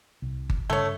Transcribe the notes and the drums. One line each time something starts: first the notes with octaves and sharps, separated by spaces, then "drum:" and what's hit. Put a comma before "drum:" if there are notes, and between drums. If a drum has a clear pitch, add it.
C2
drum: kick G1
G2 C#3 A3 C#5